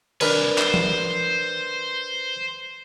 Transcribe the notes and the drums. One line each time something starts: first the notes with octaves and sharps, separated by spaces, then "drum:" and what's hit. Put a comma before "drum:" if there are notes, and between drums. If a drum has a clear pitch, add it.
C2 D4 A#4 B4 G#5, drum: cymbal
C5, drum: clap
drum: tom E3